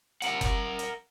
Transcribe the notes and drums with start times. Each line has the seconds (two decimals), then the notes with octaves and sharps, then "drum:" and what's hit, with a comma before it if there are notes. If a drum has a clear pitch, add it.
0.22 A#4 F#5, drum: hi-hat
0.41 drum: kick F#1, hi-hat
0.79 drum: hi-hat